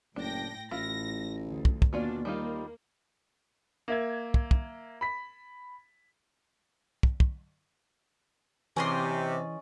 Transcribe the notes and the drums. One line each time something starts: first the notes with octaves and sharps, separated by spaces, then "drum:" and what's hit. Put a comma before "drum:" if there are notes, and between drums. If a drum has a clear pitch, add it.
F#1 A2 D4 G5 A#6
A1 A2 E4 F4 A#6
D2
drum: kick
drum: kick
D#2 B2 C#4 D4 F4 D5
D#2 G3 A#3 D#4 F4
A#3 E5 G#6
drum: kick
drum: kick
B5 B6
drum: kick
drum: kick
C3 E3 C#4 G#4 D5 D#5 C6